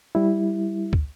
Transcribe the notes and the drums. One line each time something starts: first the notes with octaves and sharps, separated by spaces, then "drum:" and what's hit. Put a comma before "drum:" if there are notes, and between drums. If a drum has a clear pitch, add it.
G3 E4
drum: kick C#2